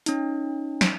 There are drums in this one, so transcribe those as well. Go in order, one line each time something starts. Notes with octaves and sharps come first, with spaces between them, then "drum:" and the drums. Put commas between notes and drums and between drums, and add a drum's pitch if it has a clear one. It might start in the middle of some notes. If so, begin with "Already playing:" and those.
C#4 D#4, drum: hi-hat
drum: snare